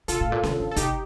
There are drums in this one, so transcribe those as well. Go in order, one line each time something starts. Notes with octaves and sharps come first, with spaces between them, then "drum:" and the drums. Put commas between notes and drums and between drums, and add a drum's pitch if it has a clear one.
C3 F4 A4, drum: hi-hat
A2
A#2
C3, drum: snare C#4
D3
A4
C3 D#4 G4, drum: kick, hi-hat